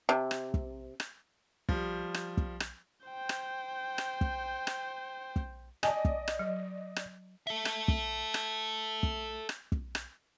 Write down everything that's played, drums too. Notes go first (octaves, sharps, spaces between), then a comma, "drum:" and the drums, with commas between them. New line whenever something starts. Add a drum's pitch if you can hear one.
C3
drum: rim click
drum: kick
drum: rim click
F3 G3, drum: kick
drum: rim click
drum: kick
drum: rim click
C5 G5
drum: rim click
drum: rim click
drum: kick
drum: rim click
drum: kick
D5 D#5 G#5 A5, drum: rim click
drum: kick
drum: rim click
F#3
drum: rim click
A4 E5
drum: rim click
drum: kick
drum: rim click
drum: kick
drum: rim click
drum: kick
drum: rim click